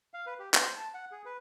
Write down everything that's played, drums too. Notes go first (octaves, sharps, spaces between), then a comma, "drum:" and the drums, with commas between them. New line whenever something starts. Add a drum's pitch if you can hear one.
F5
B4
G4
C5, drum: clap
A5
F#5
G#4
B4